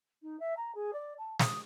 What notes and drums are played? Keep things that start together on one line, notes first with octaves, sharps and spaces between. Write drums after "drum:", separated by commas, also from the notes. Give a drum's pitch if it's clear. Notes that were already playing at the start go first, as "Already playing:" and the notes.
D#4
E5
A#5
G#4
D5
A5
D#6, drum: snare